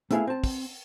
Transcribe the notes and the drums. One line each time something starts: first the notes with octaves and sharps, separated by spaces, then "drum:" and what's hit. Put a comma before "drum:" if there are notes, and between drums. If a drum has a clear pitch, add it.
A3 B3 E4 G#4 E5 F5, drum: hi-hat
C4 A5
drum: kick, open hi-hat